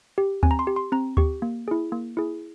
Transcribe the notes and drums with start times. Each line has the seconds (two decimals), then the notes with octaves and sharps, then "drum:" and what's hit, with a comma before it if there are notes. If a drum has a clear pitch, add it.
0.18 G4
0.43 C4 G#5, drum: kick D2
0.51 A#5
0.59 C6
0.67 G4
0.76 C6
0.92 C4 A#5
1.17 G4 C#6, drum: kick D2
1.42 A#3
1.68 E4 G#4
1.92 A#3
2.17 E4 G#4